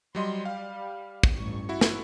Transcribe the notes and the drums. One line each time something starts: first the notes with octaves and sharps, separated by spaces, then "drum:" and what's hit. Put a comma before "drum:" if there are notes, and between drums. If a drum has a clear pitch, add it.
F#3 G3 D#5 C6
G3 F5
drum: kick
A1 G2 C#6
E4 F#4
drum: snare